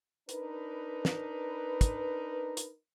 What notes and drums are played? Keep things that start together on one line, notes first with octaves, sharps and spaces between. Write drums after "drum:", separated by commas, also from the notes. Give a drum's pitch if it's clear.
D4 D#4 A#4 B4, drum: hi-hat
drum: snare
drum: kick, hi-hat
drum: hi-hat